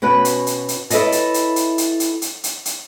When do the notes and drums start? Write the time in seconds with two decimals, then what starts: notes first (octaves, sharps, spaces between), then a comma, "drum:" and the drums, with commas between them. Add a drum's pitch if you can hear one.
0.02 B2 C#4 F#4 B4
0.25 drum: hi-hat
0.47 drum: hi-hat
0.68 drum: hi-hat
0.90 E4 A4 B4 C#5 D#5 A5, drum: hi-hat
1.12 drum: hi-hat
1.34 drum: hi-hat
1.56 drum: hi-hat
1.78 drum: hi-hat
2.00 drum: hi-hat
2.22 drum: hi-hat
2.44 drum: hi-hat
2.65 drum: hi-hat